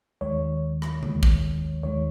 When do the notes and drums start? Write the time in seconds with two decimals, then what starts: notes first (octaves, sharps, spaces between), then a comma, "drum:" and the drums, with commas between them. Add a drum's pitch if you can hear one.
0.21 D#2 D#3 G#3 C#5
0.82 drum: rim click
1.03 D#2 D#3 G#3, drum: tom D3
1.23 drum: kick
1.83 D#2 D#3 G#3 C#5